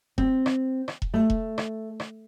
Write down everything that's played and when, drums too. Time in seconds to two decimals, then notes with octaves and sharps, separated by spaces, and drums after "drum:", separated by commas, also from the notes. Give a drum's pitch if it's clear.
0.18 C4, drum: kick E1
0.46 drum: rim click
0.88 drum: rim click
1.02 drum: kick E1
1.14 A3
1.30 drum: kick E1
1.58 drum: rim click
2.00 drum: rim click